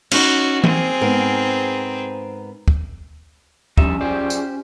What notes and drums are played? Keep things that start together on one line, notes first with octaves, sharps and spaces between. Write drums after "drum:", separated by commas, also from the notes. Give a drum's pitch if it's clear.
C#4 D#4 F#4, drum: cymbal
A#3 C4 G#4, drum: tom
G#2 B3 A#4
drum: kick
G2 F3 G3 C#4 D#4 E5, drum: kick
F4 G4 G#4 C5 D5
drum: tambourine